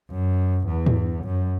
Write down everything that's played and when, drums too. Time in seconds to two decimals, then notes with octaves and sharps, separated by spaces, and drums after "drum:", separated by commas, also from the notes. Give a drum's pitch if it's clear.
0.11 F#2
0.68 E2
0.86 drum: tom
1.24 F#2